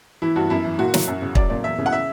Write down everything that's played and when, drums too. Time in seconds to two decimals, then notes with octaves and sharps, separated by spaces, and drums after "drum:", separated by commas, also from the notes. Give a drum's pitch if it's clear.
0.22 E3 E4
0.36 G2 F#4
0.50 F#2 E4
0.65 E3
0.79 A#2 F#4
0.94 F#3, drum: snare
1.08 F#2
1.22 C#3
1.35 F#3 D5, drum: kick
1.50 A#2 D5
1.64 E2 E5
1.78 C#3
1.86 F#5
1.92 E5